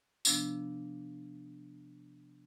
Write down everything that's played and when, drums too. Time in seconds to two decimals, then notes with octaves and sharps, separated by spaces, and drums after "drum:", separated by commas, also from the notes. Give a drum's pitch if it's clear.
0.25 C3 F3 B3 D4, drum: tambourine